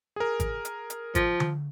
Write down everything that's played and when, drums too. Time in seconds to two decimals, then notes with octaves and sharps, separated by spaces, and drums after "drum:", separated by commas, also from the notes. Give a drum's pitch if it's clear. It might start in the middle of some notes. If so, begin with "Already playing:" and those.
0.16 G#4 A#4
0.40 drum: kick G#1, hi-hat
0.65 drum: hi-hat
0.90 drum: hi-hat
1.15 F3, drum: kick G#1, hi-hat
1.40 drum: tom D3